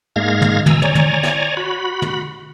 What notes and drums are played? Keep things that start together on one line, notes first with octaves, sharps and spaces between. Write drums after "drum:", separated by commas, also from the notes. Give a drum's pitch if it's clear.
G#2 G#3 A#3 F5 G#6 A#6
drum: tom
B2 G#5 A#5 E6, drum: tom
C#5 D5 G#5 A#5, drum: tom
drum: tom
drum: snare
F#4 B5
drum: tom